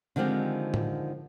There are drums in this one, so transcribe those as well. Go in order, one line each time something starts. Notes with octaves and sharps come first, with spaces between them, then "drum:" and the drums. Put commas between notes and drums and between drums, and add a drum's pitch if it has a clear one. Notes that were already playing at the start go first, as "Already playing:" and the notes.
D3 D#3 F3 G#3 C4 G4
drum: tom A2